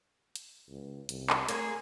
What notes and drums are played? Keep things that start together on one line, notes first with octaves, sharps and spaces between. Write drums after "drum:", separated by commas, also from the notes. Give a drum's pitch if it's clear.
drum: hi-hat
C#2
C2, drum: hi-hat
drum: clap
A3 A#3 G#4 C#5, drum: hi-hat